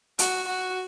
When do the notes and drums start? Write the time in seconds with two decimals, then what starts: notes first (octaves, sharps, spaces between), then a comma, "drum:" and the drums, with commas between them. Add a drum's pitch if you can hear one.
0.19 F#4, drum: hi-hat
0.48 F#4